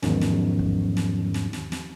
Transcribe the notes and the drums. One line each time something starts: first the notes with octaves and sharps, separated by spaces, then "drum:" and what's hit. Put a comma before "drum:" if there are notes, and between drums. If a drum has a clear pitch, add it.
E2 G#2 D#3 F3 F#3 C#4, drum: snare
drum: snare
drum: kick
drum: snare
drum: snare
drum: snare
drum: snare